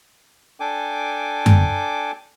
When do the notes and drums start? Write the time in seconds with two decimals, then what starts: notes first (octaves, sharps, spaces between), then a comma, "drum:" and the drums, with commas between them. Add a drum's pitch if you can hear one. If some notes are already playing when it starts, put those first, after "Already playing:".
0.60 D4 A4 G5 G#5 D6
1.46 drum: tom F#2